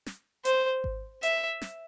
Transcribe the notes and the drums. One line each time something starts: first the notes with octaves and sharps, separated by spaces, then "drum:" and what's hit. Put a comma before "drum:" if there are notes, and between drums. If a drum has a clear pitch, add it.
drum: snare
C5, drum: hi-hat
drum: kick G#1
E5, drum: hi-hat
drum: snare